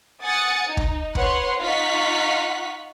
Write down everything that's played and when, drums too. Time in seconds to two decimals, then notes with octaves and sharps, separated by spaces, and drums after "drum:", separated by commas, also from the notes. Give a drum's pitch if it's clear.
0.23 F#5 G#5 D#6 A6 C#7
0.67 D#4
0.77 drum: kick
1.15 B4 C#5 F#5 C6, drum: kick
1.60 D#4 F4 F5 F#5 C#6 B6